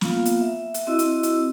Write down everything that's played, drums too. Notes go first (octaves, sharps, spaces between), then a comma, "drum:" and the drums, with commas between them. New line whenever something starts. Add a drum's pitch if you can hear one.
A#3 B3 F4 F5, drum: snare
drum: hi-hat
E5
drum: hi-hat
C4 E4 F#4 D#5 E6
drum: hi-hat
drum: hi-hat